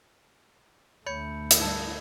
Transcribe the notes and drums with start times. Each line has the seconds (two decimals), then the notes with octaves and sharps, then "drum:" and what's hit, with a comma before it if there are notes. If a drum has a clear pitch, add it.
1.06 D2 A3 C#5 B5 G6 C#7
1.51 drum: hi-hat
1.60 G#2 G3 A5 E6 G#6